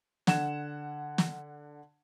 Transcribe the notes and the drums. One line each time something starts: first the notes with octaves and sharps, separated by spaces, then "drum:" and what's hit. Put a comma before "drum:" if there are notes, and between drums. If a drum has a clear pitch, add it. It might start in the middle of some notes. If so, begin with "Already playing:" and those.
D3 F#5 G#6 E7, drum: snare
drum: snare